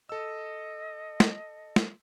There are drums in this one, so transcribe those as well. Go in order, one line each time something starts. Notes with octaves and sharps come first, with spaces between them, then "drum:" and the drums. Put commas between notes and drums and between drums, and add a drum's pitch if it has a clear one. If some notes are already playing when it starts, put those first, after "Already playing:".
A4 D#5 E6
drum: snare
drum: snare